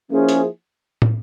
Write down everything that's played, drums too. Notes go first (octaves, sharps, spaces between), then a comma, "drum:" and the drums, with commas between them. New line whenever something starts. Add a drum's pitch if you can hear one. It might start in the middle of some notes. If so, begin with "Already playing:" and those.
F3 A#3 C#4 E4 G#4 C5
drum: hi-hat
drum: tom